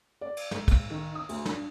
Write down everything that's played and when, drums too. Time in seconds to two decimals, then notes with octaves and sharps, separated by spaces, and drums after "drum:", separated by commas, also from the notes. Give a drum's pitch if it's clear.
0.21 D5
0.37 drum: cymbal
0.51 G#2, drum: snare
0.68 drum: kick, cymbal
0.90 D#3
1.15 D#6
1.29 D2, drum: cymbal
1.46 D4, drum: snare